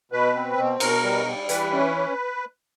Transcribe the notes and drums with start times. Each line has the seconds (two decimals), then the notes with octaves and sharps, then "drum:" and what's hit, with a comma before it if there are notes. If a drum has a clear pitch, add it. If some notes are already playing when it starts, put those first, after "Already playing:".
0.12 B2 B4
0.36 C4
0.57 B2
0.80 B2 A#4, drum: cymbal
1.03 G3
1.26 G3
1.49 E3 B4, drum: hi-hat
1.72 C#4